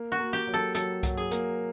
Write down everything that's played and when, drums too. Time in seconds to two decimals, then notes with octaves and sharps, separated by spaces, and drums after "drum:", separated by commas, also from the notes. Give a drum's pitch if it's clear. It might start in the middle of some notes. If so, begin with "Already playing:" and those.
Already playing: A#3
0.12 F#4
0.19 A#3
0.33 G4
0.47 F#3
0.54 A4
0.75 F#3 A4, drum: hi-hat
1.03 F#3, drum: kick C2, hi-hat
1.17 G#4
1.31 A#3, drum: hi-hat